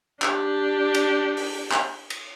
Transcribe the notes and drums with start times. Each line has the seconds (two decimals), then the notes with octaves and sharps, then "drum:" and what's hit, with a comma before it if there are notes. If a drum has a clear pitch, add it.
0.22 D4 G4, drum: clap
0.94 drum: cymbal
1.37 drum: open hi-hat
1.72 drum: clap
2.10 drum: cymbal